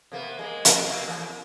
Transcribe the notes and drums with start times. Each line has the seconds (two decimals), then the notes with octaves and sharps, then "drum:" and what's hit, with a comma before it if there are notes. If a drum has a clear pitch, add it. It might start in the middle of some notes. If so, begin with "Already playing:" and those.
0.12 C3 A#3 B3
0.39 G#3 A#3
0.65 drum: hi-hat
0.87 C3 A#3
1.08 E2